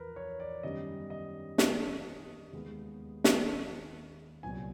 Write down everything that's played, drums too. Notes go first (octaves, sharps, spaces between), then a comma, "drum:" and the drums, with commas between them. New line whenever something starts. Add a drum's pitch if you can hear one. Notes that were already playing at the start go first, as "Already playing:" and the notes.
Already playing: E2 F3 A#4 B4
C#5
D5
F#2 D#3 G3 B3 D#5
D#5
drum: snare
D#2 D#3 G#3 B3
drum: snare
C2 A#2 F#3 B3 G#5